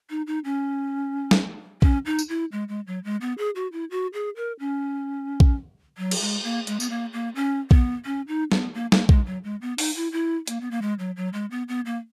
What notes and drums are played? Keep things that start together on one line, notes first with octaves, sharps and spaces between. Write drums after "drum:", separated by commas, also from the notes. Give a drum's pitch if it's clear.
D#4
D#4
C#4
drum: snare
C#4, drum: kick A#1
D#4
drum: tambourine
E4
G#3
G#3
F#3
G#3
B3
G#4
F#4
E4
F#4
G#4
A#4
C#4
drum: kick A#1
F#3
drum: cymbal
G#3
A#3
G#3, drum: hi-hat
B3, drum: tambourine
A#3
A#3
C#4
B3, drum: kick A#1
C#4
D#4
B3, drum: snare
A#3
A#3, drum: snare
G#3, drum: kick A#1
F#3
G#3
B3
D#4, drum: open hi-hat
E4
E4
A#3, drum: hi-hat
B3
A#3
G#3
F#3
F#3
G#3
B3
B3
A#3